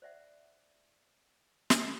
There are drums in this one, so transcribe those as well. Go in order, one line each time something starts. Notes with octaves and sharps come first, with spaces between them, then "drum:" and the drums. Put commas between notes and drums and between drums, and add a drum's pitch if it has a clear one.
C5 D5 E5 F#5
drum: snare